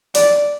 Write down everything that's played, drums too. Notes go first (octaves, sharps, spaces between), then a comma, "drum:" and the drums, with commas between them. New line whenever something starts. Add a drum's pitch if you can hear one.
D5, drum: open hi-hat